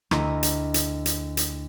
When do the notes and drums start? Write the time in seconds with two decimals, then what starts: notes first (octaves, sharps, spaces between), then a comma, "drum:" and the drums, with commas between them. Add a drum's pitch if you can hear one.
0.11 D2 E4 D#5 A#5, drum: rim click
0.43 drum: hi-hat
0.74 drum: hi-hat
1.06 drum: hi-hat
1.37 drum: hi-hat